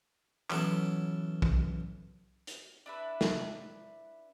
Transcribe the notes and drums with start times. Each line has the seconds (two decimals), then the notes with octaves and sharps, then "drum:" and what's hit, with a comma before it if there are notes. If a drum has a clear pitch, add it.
0.50 E3 F#3 B3 C#4 A4 C#5, drum: clap
1.42 drum: kick
2.47 drum: hi-hat
2.86 D4 E4 B4
3.21 drum: snare